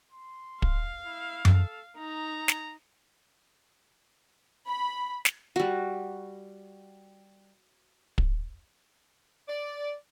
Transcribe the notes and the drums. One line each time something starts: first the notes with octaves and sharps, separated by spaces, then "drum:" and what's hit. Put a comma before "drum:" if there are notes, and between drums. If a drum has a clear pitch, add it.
C6
F5, drum: kick
E4
A4, drum: tom F#2
D#4 A#5
drum: snare
B5
drum: snare
G3 F#4
drum: kick
D5